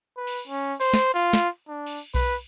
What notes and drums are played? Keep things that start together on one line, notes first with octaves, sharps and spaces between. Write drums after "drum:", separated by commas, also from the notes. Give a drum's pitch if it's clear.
B4
drum: cymbal
C#4
C5, drum: cymbal
drum: snare
F4
drum: snare
D4
drum: cymbal
B4, drum: kick B1, cymbal